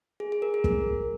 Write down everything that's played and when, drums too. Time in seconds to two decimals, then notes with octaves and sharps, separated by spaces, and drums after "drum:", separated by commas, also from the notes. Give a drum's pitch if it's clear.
0.20 G#4
0.32 G#4
0.42 A#4
0.54 G#4
0.64 A#4, drum: kick